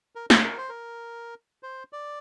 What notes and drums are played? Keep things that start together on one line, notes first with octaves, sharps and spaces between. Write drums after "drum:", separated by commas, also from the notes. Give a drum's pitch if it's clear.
A#4
C5, drum: snare
A#4
C5
A#4
C5
D5